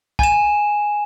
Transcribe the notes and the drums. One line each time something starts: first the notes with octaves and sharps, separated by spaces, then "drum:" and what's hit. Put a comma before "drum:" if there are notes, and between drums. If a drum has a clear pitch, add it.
G#5 E7, drum: kick B1